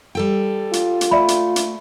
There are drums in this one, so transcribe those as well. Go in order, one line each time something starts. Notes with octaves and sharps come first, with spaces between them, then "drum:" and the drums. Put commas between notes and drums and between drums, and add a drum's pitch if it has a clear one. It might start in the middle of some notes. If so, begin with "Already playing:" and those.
G3 A4 G5
F4, drum: hi-hat
drum: hi-hat
A3 D5 E5 B5
drum: hi-hat
drum: hi-hat